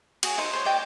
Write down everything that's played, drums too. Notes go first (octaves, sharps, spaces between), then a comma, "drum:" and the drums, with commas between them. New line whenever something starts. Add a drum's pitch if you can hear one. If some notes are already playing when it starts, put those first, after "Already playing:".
F#4 G#4, drum: cymbal
D#4 A4 C5 A#5
C5 C#5
D5 D#5 G5 A5